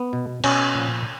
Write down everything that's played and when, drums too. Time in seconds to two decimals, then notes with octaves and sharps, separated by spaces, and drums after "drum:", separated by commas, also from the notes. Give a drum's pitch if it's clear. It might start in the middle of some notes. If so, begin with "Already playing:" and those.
Already playing: B3
0.13 B2
0.44 B2 C#4, drum: cymbal
0.75 A#2 F3